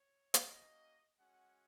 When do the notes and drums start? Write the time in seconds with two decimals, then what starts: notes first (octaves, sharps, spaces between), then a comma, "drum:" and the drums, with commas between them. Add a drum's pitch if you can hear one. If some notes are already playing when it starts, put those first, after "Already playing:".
Already playing: C#5
0.34 A#3 C#4 F#4 D#5, drum: hi-hat
1.18 G#3 C#4 F#4 F#5